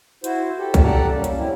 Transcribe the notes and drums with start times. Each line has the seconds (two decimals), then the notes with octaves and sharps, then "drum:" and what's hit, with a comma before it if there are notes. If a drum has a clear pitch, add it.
0.24 E4 F#4 C5, drum: hi-hat
0.59 G4 A4
0.74 drum: kick B1, hi-hat
0.84 G4 A4 D5 F#5 A5 A#5
1.13 G3 A#3 C#4
1.24 drum: hi-hat
1.38 F#3 C4 C#4 E4